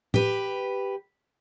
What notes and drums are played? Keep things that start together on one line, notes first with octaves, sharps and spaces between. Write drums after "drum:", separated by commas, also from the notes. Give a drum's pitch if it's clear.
G4 B4, drum: tom A2